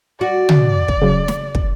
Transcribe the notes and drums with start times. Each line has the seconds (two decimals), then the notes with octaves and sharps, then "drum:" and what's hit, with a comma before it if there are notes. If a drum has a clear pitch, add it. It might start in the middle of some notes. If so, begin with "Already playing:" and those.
0.21 F#4 D5
0.49 drum: tom
0.88 drum: kick
1.02 C#3 F#3
1.28 drum: snare
1.55 drum: kick